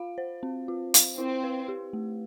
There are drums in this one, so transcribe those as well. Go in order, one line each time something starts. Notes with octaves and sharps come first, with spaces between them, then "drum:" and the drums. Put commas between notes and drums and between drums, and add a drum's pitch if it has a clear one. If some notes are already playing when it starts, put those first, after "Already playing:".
Already playing: F4 F5
C5
C4
F4
F5, drum: hi-hat
C4 E4
B4
G4
A3